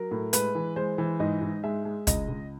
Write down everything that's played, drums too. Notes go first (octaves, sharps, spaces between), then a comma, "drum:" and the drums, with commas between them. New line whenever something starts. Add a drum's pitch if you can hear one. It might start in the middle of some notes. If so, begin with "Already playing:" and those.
Already playing: F#3 A#4
A2
G#3 B4, drum: hi-hat
E3
G#3 C5
E3
G#2 D#5
G#2
G#3 E5
G#3
C#2 D#5, drum: kick, hi-hat
C#2